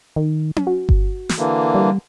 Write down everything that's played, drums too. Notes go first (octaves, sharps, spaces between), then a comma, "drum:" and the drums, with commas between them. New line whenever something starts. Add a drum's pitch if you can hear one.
D#3
drum: tom C#4
F#4
drum: kick G1
drum: snare
D3 E3 A#3
G3